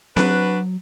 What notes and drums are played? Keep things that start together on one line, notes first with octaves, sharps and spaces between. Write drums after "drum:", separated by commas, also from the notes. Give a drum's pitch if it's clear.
F#3 D4 F#4 B4, drum: snare C4